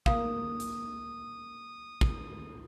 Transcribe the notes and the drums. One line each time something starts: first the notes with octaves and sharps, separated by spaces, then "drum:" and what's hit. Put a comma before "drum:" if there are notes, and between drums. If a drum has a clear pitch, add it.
A#3 F5 D#6, drum: kick
drum: hi-hat
drum: kick